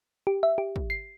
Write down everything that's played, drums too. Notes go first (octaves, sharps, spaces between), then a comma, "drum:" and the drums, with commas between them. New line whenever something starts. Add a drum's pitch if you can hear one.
G4
E5
G4
drum: kick
C7